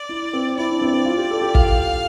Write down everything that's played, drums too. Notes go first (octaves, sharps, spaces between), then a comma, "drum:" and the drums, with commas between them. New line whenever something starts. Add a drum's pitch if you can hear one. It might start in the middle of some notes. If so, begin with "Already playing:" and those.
Already playing: D5
E4
C4
E4 D5
D4
C4
C4
F4
G4
A4
G4
F5, drum: kick